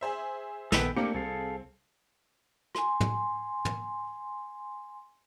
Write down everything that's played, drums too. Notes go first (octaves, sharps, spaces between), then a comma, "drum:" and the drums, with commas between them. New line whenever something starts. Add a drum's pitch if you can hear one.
G#4 C5 E5
A#1 D#3 B3 A4 B4 G5, drum: snare
A3 A#3 C4 D4 G4 C#7
C2 G#4 A4 F5
G#5 C6, drum: rim click
drum: tom
drum: tom